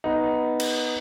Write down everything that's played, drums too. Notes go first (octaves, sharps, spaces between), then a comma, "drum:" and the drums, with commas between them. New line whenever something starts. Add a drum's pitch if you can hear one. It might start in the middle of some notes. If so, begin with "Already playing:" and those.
B3 D#4
drum: cymbal